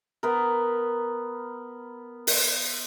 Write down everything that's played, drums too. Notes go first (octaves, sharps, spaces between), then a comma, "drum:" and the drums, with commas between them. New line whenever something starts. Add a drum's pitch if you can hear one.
B3 A#4
drum: open hi-hat